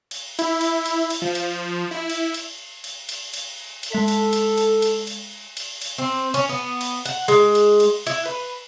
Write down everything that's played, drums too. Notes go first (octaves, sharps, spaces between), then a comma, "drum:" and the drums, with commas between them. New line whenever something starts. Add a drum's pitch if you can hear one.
drum: cymbal
E4, drum: cymbal
drum: cymbal
drum: cymbal
drum: cymbal
F3
drum: cymbal
E4
drum: cymbal
drum: cymbal
drum: cymbal
drum: cymbal
drum: cymbal
drum: cymbal
G#3 A4 E5 B6
drum: cymbal
drum: cymbal
drum: cymbal
drum: cymbal
drum: cymbal
drum: cymbal
drum: cymbal
C4
C#4, drum: cymbal
B3
drum: cymbal
F#5, drum: cymbal
G#3, drum: cymbal
drum: cymbal
drum: cymbal
E4, drum: cymbal
B4